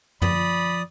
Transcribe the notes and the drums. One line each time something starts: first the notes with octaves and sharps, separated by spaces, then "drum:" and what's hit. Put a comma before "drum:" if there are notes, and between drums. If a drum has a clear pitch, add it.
F3 D5 B5 D#6, drum: tom